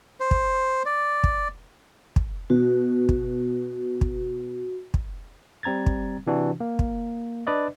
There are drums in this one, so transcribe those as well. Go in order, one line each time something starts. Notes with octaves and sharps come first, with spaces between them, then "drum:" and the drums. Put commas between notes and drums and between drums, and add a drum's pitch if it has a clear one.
C5
drum: kick
D5
drum: kick
drum: kick
B2 F#4
drum: kick
drum: kick
drum: kick
G3 C4 A#5 G#6 A6
drum: kick
C3 E3 D4 F#4
A#3
drum: kick
D4 B4 D5 D#5